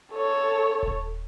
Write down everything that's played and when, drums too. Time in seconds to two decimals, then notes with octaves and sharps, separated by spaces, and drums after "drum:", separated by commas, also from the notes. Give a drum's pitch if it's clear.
0.12 A4 C#5
0.83 drum: kick D#1